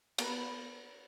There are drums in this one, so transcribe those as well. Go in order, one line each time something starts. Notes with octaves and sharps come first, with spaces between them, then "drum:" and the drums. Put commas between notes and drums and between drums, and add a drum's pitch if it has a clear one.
B3 A#4 B4, drum: cymbal